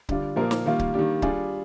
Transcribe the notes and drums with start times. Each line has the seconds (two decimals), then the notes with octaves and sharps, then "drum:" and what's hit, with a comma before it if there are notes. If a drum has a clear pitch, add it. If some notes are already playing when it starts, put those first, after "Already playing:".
0.09 D3 G3 D4 F4, drum: kick C#1
0.36 A#2 F3 A#3 F4 A#4
0.51 drum: snare
0.65 D#3 G3 A#3 F4
0.79 drum: kick C#1
0.94 D#3 G3 A#3 D4 G4
1.22 G3 D4 F4 G#4, drum: kick C#1